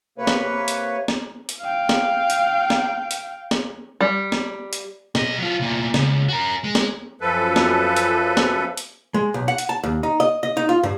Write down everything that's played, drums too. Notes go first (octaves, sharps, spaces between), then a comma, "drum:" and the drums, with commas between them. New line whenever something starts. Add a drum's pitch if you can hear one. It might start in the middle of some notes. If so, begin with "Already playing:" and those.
C3 A#3 B4 C#5
drum: snare
drum: hi-hat
drum: snare
drum: hi-hat
F5 G5
drum: snare
drum: hi-hat
drum: snare
drum: hi-hat
drum: snare
G3
drum: snare
drum: hi-hat
B1 D#5, drum: snare
F#3 F4
C2 A#2
C#2, drum: snare
F#4 A#4
G#3
drum: snare
F#2 F3 A4 B4
drum: snare
drum: hi-hat
drum: snare
drum: hi-hat
G#3
B1
F#5
drum: hi-hat
A5
D#2
D#4
D#5
D#5
D#4
F4
G2